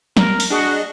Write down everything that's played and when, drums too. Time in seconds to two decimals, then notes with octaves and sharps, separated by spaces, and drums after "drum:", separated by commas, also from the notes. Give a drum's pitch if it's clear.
0.17 A#4, drum: snare
0.40 drum: open hi-hat
0.50 D4 F#4 G#4 D#5